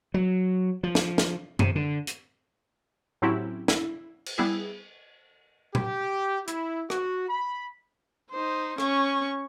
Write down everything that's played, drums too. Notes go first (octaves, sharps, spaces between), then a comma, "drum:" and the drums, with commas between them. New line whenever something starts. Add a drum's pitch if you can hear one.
F#3
F3
drum: snare
drum: snare
C3, drum: tom F#2
D3
drum: hi-hat
A2 F#3 C4 C#4 E4 G4
E4, drum: snare
drum: cymbal
G3 B3 E4 G#4
G4, drum: tom A#2
E4, drum: hi-hat
F#4, drum: rim click
B5
D#4 C5
C#4 C#6, drum: rim click